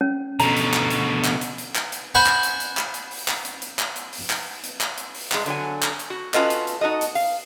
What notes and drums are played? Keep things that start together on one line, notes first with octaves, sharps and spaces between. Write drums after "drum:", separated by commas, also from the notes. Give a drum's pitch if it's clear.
C#4
B2 D3 A#5, drum: hi-hat
drum: hi-hat
drum: clap
drum: hi-hat
drum: clap
drum: hi-hat
drum: hi-hat
drum: clap
drum: hi-hat
C5 F#5 G#5 B5 C#6
drum: clap
drum: hi-hat
drum: hi-hat
drum: clap
drum: hi-hat
drum: open hi-hat
drum: clap
drum: hi-hat
drum: hi-hat
drum: clap
drum: hi-hat
drum: open hi-hat
drum: clap
drum: hi-hat
drum: clap
drum: hi-hat
drum: open hi-hat
G2 G#3, drum: clap
D3 F#3 G#5, drum: hi-hat
drum: clap
drum: hi-hat
F#4
C#4 F4 F#4 A4 B4 D#5, drum: clap
drum: hi-hat
drum: hi-hat
D#4 F#4 A4 D#5
drum: hi-hat
F5, drum: open hi-hat